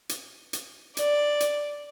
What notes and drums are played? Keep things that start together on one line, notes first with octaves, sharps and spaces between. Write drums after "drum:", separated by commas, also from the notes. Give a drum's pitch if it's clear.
drum: hi-hat
drum: hi-hat
D5, drum: hi-hat
drum: hi-hat